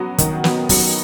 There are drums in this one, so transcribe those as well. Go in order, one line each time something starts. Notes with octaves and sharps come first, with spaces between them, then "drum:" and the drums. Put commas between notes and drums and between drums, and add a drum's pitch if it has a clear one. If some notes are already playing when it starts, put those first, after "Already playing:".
Already playing: F#3 B3 F#4
D#3, drum: kick, hi-hat
B3, drum: snare
F#3, drum: kick, open hi-hat